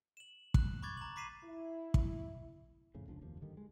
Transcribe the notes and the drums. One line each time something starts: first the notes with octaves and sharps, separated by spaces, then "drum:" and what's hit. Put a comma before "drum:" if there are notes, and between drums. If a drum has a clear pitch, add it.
E7 F#7
F#6, drum: kick
B5 C#6 D6 G#6 A6
A#5 F#7
B5 D6 B6 C7 D#7 E7
E4
drum: kick
F2 A2 C#3
F1 C#2 F3 D4
F1 D#2 F3
G1 D3 D#3 G3
G#3